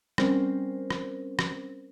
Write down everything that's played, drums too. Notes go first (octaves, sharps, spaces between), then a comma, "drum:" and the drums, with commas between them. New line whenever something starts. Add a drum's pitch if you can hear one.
G3 C4 C#4 A#4 C5, drum: rim click
drum: rim click
drum: rim click